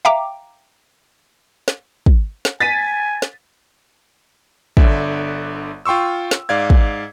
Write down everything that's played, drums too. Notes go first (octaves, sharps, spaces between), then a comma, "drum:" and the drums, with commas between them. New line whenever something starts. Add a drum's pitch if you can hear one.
E5 F5 G5 A#5 D6
drum: snare
drum: kick
drum: snare
G#5 A6 B6 D#7
drum: snare
G1 D3 D5 E5, drum: kick
F4 G5 C6 C#6 E6
drum: snare
G#2 D5 F5 G#6
drum: kick